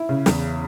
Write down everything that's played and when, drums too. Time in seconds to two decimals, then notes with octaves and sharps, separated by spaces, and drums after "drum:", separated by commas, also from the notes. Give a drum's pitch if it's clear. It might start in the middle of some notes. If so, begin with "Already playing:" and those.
Already playing: E4
0.09 C#3
0.26 E2, drum: snare